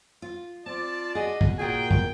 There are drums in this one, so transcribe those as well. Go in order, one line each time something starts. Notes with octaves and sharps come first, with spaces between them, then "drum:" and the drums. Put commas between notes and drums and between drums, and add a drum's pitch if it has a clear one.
F4
C4 F4 D5 A5
F#4 G#4 D#5
drum: kick
A#2 F4 F#4 G#4 A#4 G5
drum: kick